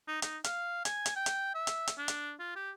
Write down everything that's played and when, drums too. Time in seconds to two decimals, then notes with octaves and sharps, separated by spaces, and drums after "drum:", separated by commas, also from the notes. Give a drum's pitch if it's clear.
0.08 D#4
0.22 D#4, drum: hi-hat
0.44 F5, drum: hi-hat
0.85 G#5, drum: hi-hat
1.06 drum: hi-hat
1.16 G5
1.26 drum: hi-hat
1.55 E5
1.67 drum: hi-hat
1.87 drum: hi-hat
1.98 D4
2.08 drum: hi-hat
2.39 F4
2.56 G4